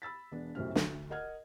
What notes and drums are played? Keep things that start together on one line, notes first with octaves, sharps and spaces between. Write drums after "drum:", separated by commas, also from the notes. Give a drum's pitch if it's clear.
B5 E6 A6 B6
E1 B3 D4
B1 F#2 A2 C3 C4 F6
D2, drum: snare
A#4 D#5 F#5 F6 G#6